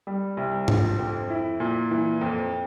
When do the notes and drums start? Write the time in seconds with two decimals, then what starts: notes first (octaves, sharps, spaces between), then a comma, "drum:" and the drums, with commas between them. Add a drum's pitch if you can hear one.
0.07 G3
0.37 C2
0.68 F3, drum: tom G#2
0.99 F2
1.30 E4
1.60 A#2
1.91 E3
2.21 F2